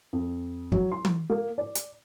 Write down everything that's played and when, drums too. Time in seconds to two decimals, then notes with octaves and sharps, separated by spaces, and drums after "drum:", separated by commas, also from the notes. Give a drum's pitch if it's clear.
0.13 F2
0.72 F#3, drum: kick
0.92 C6
1.05 drum: tom E3
1.30 A#3
1.58 D5
1.75 drum: hi-hat